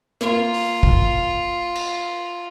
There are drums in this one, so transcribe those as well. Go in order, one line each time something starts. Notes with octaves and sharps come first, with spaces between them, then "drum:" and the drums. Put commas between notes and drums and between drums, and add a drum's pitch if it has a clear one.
A#3 F4, drum: hi-hat
drum: open hi-hat
drum: kick
drum: cymbal